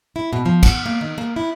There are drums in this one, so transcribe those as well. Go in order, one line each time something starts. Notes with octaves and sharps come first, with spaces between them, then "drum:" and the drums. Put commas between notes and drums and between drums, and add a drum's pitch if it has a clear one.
E4
B2
F3
F#5, drum: kick, cymbal
A#3
D#3
A#3
E4